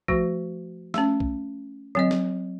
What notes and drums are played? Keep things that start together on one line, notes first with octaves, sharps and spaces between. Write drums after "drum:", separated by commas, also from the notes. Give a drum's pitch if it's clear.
F3 A3 F#4, drum: kick
A3 C#4, drum: snare
drum: kick
F#3 C4 D#5, drum: tom D3
drum: snare